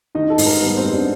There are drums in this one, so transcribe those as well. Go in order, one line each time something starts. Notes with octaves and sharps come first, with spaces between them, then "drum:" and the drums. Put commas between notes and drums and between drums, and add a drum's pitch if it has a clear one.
D#3 D#4 D#5
A4
G#2, drum: open hi-hat
A#4
G3 B3 B4
C4 C5
G#2
D4 D5